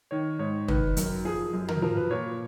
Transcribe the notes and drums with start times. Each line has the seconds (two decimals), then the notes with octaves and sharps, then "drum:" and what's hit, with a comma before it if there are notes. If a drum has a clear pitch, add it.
0.11 D#3 C#5
0.39 G#2 C#5
0.68 D#3 B4, drum: tom
0.97 F#2 A#4, drum: hi-hat
1.25 F3 G#4
1.53 F#2
1.69 A#4, drum: tom
1.82 F3 A#4
1.97 B4
2.11 A#2 C#5